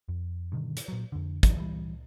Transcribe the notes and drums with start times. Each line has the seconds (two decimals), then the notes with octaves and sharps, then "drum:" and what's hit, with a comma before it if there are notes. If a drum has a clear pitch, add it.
0.09 F2
0.52 G2 B2 D3 D#3
0.77 drum: hi-hat
0.88 A#2 F#3
1.12 F2 D3
1.43 F2 E3 F#3, drum: kick, hi-hat
1.56 E3 G3